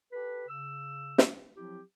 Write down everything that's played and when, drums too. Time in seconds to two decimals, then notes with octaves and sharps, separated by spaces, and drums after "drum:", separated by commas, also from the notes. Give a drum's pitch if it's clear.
0.12 G4 A4 B4
0.48 C#3 E6
1.18 drum: snare
1.55 F3 F#3 C4 E4 G4